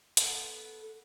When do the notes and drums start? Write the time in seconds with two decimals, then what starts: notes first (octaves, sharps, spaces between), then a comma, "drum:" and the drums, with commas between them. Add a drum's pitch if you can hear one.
0.17 B3 A4, drum: hi-hat